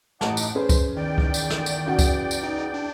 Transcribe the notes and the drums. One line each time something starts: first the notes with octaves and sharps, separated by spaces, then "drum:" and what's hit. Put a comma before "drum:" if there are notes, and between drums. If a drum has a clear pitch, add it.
A1 D#4 F#5 A5 D6, drum: snare
drum: tambourine
C#4 G#4 B4 C5
drum: kick C#2, tambourine
E2 D#3 D5 G5
drum: kick C#2
drum: tambourine
drum: snare
drum: tambourine
C#3 F#4 F#5
drum: kick C#2, tambourine
drum: tambourine
D#4
D4